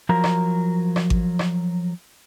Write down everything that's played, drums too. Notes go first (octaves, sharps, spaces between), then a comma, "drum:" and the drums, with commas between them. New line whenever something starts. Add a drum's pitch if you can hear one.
F3 F#3 A#4 A#5
drum: rim click
drum: rim click
drum: kick G#1
drum: rim click